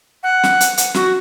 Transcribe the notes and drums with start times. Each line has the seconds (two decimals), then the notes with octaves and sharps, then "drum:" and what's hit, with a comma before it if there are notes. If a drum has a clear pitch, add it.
0.23 F#5
0.43 drum: snare
0.60 drum: hi-hat
0.77 drum: hi-hat
0.94 F#4, drum: snare